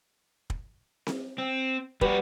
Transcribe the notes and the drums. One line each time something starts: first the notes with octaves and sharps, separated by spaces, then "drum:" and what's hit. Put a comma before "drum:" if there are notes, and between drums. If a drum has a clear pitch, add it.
drum: kick
drum: snare C4
C4
G3 F#4 G4 B4, drum: kick